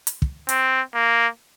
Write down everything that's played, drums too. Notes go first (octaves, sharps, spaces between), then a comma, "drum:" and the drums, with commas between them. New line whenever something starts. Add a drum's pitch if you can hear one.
drum: hi-hat
drum: kick
C4, drum: hi-hat
A#3